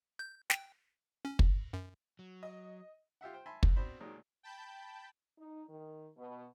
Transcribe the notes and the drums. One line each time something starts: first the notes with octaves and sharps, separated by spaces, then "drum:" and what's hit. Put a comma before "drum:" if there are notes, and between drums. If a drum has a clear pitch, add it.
G6
G5, drum: snare
C#4
drum: kick
F#2
F#3
D#5
F4 G4 E5 F#5
C5 G5
E5 G#5 A5 B5 C6
F2, drum: kick
B2 C4 D4 C5 B5
D#2 A#2 D#3 F#3 G#3
G5 A5 B5 G6
D#4
D#3
B2